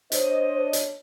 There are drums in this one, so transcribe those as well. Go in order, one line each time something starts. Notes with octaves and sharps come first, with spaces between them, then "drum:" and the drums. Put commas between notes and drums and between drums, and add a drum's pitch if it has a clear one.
D4 C5 C#5 D#5, drum: hi-hat
drum: hi-hat